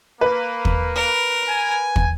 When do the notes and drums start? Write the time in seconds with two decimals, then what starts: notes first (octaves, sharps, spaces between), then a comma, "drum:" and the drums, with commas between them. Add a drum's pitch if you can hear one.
0.21 A#3 B4
0.65 drum: kick
0.95 A#4
1.49 G#5
1.96 drum: kick